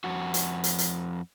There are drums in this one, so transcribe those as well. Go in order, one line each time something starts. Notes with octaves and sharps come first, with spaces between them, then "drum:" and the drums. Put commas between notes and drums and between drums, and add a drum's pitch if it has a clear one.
F2 F#4
drum: hi-hat
drum: hi-hat
drum: hi-hat